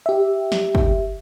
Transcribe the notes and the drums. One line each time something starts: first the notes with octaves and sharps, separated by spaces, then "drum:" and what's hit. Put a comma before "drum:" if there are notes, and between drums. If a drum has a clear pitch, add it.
G4 E5
drum: snare
drum: kick